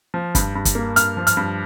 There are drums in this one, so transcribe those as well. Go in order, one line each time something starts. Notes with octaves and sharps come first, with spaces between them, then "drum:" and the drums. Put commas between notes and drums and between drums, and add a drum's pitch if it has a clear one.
F3
G2, drum: kick, hi-hat
G2
drum: kick, hi-hat
A#3
G2 F6, drum: hi-hat
F3
F6, drum: hi-hat
G2